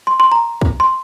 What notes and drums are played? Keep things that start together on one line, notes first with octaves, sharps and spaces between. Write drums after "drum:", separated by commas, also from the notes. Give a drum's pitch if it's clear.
C6
C6
A#5
drum: kick
C6